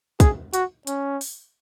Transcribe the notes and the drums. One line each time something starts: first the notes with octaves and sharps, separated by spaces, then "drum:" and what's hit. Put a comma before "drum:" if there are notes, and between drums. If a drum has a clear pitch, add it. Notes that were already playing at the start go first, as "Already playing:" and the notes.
G#4, drum: kick, hi-hat
F#4, drum: hi-hat
C#4, drum: hi-hat
drum: open hi-hat